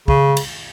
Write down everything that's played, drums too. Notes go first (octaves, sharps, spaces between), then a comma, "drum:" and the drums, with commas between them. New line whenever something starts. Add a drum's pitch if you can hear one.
C#3, drum: kick
drum: cymbal